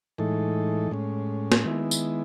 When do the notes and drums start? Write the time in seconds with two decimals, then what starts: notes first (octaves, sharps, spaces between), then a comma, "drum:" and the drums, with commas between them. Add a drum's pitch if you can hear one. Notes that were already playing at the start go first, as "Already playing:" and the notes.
0.18 A2 E3 G#3 D#4 A4
0.91 A2 G#3 C#4
1.52 drum: snare
1.65 D#3 G#3 B3 E4
1.91 drum: tambourine